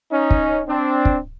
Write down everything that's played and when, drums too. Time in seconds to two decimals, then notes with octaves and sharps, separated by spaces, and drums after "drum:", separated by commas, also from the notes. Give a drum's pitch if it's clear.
0.12 C#4 D#4
0.30 drum: kick
0.68 C4 D4
1.05 drum: kick